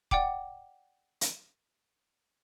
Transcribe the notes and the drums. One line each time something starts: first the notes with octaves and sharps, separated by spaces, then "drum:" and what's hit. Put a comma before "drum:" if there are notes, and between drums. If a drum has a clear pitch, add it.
D5 F#5 G5 D6, drum: kick D#1
drum: hi-hat